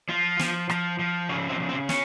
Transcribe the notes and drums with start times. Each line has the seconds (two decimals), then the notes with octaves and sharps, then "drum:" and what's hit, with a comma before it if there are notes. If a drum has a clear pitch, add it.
0.09 F3 F4
0.39 F3, drum: snare
0.70 F3, drum: rim click
0.99 F3
1.29 C#3 C#4
1.49 C4
1.60 C#3
1.69 C4
1.89 C#4, drum: snare